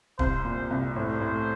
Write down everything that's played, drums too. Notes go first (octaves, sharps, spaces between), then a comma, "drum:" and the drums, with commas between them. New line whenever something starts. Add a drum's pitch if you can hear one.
C2 C5, drum: kick
A#2
C2
A2 C5
A2